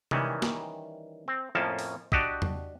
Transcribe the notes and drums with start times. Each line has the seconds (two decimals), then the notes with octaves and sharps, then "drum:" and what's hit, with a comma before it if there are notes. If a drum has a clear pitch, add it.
0.11 D#3 E3 G3 C#4, drum: tom C3
0.42 drum: snare
1.28 C4
1.55 F2 A2 F3 A#3 C#4 A5
1.79 drum: open hi-hat
2.12 D4 F#4 G4 D#5, drum: kick
2.42 drum: tom E2